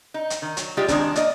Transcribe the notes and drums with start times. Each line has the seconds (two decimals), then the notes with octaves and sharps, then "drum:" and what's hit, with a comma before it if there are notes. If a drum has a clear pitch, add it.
0.14 D#4
0.30 drum: hi-hat
0.42 D#3
0.57 F#3, drum: hi-hat
0.77 G3 G#3 F4 G4
0.88 D#3 G#3 C4 D4, drum: kick, hi-hat
1.16 A#3 D5 D#5, drum: hi-hat